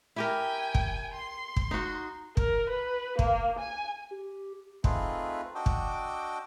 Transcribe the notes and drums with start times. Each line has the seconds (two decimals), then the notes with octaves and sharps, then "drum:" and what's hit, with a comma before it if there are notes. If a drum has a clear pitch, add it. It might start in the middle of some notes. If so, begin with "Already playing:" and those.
0.16 E4 G4 A#4 G5 G#5
0.75 drum: kick
1.14 C6
1.56 drum: kick
1.71 D#4 F#4
2.37 A#4, drum: kick
2.69 B4
3.19 A#3, drum: kick
3.59 G#5
4.11 G4
4.84 A3 C4 D#4 F4 G#4 B4, drum: kick
5.55 D4 F#4 D#5 G5 D6 E6
5.66 drum: kick